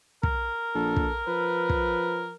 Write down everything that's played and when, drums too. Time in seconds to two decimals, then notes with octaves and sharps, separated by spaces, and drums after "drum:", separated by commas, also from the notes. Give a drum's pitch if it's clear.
0.23 A#4, drum: kick
0.75 A#1 A4
0.96 drum: kick
1.27 F3 B4
1.70 drum: kick